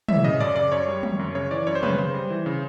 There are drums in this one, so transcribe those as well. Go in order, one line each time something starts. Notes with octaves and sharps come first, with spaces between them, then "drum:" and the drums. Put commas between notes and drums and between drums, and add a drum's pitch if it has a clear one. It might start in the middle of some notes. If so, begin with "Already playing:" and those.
E3 E5, drum: tom
C#3 D#5
F#2 D5
C#3 D5
F#2 C#5
G3
F#2, drum: tom
F#2
C#3 C#5
E3 D5
F#2 C#5
C5
C#3 B4, drum: tom
C#3 C5
G3
E3
C#3